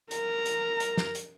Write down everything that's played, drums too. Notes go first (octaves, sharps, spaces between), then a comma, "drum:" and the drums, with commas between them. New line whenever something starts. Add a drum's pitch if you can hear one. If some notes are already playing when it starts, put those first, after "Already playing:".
A#4 A#5, drum: hi-hat
drum: hi-hat
drum: hi-hat
drum: snare
drum: hi-hat